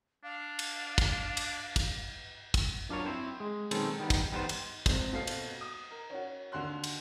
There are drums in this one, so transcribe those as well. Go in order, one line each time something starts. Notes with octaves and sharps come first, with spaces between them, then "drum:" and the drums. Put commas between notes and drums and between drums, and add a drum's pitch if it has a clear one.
D4 F5
drum: cymbal
drum: kick, cymbal
drum: cymbal
drum: kick, cymbal
drum: kick, cymbal
F#2 D4 F4 A#4 C#5
C4 E4 C5
G#3
B1 D#3 G#3 C4 C#4 A4, drum: cymbal
D#3 G3 B3
drum: kick, cymbal
D#3 G3 B3 A#4 C5
drum: cymbal
F1 C#2 C4, drum: kick, cymbal
D#1 B2 C4 A4 F5 C7
drum: cymbal
D#6
A#4
C#4 F#4
D#2 D3 F#4 C6 F#6
drum: cymbal